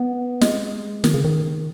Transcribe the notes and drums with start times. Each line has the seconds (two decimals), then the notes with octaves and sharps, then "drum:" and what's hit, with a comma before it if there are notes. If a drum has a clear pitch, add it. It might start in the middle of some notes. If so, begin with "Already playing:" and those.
Already playing: B3
0.41 G#3, drum: snare
1.04 D#3, drum: snare
1.14 C#3
1.25 D#3